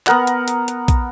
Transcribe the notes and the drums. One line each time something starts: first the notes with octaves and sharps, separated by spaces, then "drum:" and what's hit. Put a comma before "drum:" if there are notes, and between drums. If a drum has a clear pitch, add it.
B3 A#4 F#5, drum: clap
drum: hi-hat
drum: hi-hat
drum: hi-hat
drum: kick A#1, hi-hat